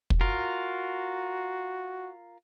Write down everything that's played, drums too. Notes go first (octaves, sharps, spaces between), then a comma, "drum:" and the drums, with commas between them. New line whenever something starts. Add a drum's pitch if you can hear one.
drum: kick
F4 F#4 A#4